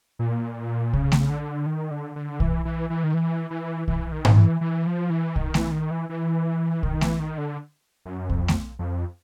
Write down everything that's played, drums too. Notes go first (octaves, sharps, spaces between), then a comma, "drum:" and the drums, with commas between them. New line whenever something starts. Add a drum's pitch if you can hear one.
A#2
C#3, drum: kick
drum: snare A3
D3
D#3
D3
D3
E3, drum: kick
E3
E3
D#3
E3
E3
E3, drum: kick
D#3
drum: tom G#2
E3
E3
F3
E3
D#3, drum: kick
E3, drum: snare A3
D#3
E3
E3
D#3, drum: kick
E3, drum: snare A3
D#3
D3
F#2
F2, drum: kick
drum: snare A3
F2